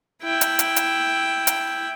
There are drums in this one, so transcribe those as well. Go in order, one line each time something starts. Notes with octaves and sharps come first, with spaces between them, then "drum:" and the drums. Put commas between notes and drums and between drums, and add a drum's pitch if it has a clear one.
E4 G5
drum: hi-hat
drum: hi-hat
drum: hi-hat
drum: hi-hat